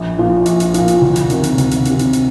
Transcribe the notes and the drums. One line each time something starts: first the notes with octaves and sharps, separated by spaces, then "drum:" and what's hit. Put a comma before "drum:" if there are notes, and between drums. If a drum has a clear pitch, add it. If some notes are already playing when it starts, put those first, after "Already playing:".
Already playing: A#1
A#2 F3
A#1, drum: hi-hat
drum: hi-hat
A#2 F3, drum: hi-hat
drum: hi-hat
D2
drum: hi-hat
C3 D#3, drum: hi-hat
drum: hi-hat
D2, drum: hi-hat
drum: hi-hat
C3 D#3, drum: hi-hat
drum: hi-hat
drum: hi-hat